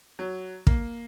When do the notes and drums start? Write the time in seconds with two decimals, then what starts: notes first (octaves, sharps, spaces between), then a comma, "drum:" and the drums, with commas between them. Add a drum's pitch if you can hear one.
0.19 F#3
0.67 A#3, drum: kick